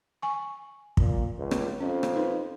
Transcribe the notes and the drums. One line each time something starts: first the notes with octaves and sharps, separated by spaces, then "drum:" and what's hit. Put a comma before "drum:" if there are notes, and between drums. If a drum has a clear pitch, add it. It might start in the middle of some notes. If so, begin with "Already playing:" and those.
G#5 C#6
A#2, drum: kick
C#2
drum: rim click
F2 C#4
drum: rim click
D#4 B4